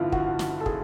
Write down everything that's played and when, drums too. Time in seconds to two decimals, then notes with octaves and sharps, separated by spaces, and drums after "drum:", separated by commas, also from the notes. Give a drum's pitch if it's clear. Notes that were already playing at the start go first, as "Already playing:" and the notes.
Already playing: A1 G2 D3 F3 E4 F4
0.12 F#4, drum: kick
0.39 drum: snare
0.60 A4
0.66 G#4, drum: kick